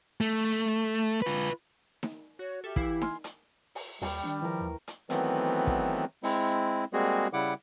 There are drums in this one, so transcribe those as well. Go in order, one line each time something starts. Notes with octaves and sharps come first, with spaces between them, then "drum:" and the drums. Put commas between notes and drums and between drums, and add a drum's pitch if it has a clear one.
A3
F4 B4
drum: snare D#4
F#4 C#5
G4 A4 E5 F6
E3 E4 F5 C7, drum: kick
G#5 C6 F6, drum: snare D#4
drum: hi-hat
drum: open hi-hat
D#2 G3 G5 C#6 D6, drum: open hi-hat
D#3 D4
E3 F3 A#4
D#2
drum: hi-hat
D#3 E3 F#3 A3 B3 C4, drum: hi-hat
drum: kick
G#3 C4 E4, drum: open hi-hat
G3 G#3 A#3 C4 F#4 G#4
C#3 G3 E4 F#5 D6